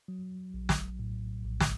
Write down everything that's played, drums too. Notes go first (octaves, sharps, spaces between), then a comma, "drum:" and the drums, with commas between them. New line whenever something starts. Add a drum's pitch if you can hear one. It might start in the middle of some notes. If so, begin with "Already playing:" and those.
F#3
A#1
drum: snare
A2
A#1
drum: snare